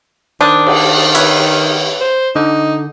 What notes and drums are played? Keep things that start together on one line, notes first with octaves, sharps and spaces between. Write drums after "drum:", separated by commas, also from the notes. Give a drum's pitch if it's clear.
D#3 D4 C5 D#6
drum: cymbal
B4 C#5 E5, drum: hi-hat
C5
D3 D#4